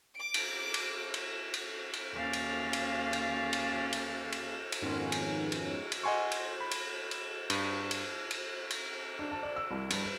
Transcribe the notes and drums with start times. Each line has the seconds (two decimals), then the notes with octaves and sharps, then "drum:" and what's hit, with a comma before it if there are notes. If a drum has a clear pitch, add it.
0.15 D6 D7
0.34 drum: cymbal
0.74 drum: cymbal
1.14 drum: cymbal
1.54 drum: cymbal
1.93 drum: cymbal
2.13 D#2 C#4 F5 D6 F6 A6
2.33 drum: cymbal
2.73 drum: cymbal
3.13 drum: cymbal
3.53 drum: cymbal
3.93 drum: cymbal
4.32 drum: cymbal
4.72 drum: cymbal
4.81 F2 G#2 D#3 B3 C#4 F4
5.12 drum: cymbal
5.52 drum: cymbal
5.92 drum: cymbal
6.03 D#5 F#5 G#5 C6 C#6
6.31 drum: cymbal
6.61 B5
6.71 drum: cymbal
7.11 drum: cymbal
7.50 G2 D#7, drum: cymbal
7.91 drum: cymbal
8.31 drum: cymbal
8.70 drum: cymbal
9.19 D4
9.31 A5
9.43 D5
9.56 E6
9.71 C2
9.90 G2, drum: cymbal
10.03 B4